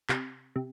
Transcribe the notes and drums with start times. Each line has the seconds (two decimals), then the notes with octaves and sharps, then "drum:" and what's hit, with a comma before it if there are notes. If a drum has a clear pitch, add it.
0.09 C3, drum: clap
0.56 C3